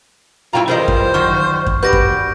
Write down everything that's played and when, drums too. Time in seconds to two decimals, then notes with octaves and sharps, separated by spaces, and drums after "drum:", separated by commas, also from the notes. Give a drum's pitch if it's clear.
0.53 G2 A#2 F#3 E4 F4 G5 A#5
0.68 E3 F3 G3 G#4 A#4 C5 D#5
0.88 drum: kick F#2
1.14 D#3 F#3 C#6 F6
1.66 drum: kick F#2
1.83 D4 F#4 G4 B4 G6 A#6 D7
1.93 drum: kick F#2